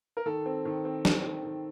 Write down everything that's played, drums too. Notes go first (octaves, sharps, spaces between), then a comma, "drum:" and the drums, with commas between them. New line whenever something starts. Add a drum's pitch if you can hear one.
A#4
D#3 A4
C4
D#3
C4
D#3, drum: snare
D#3
D#3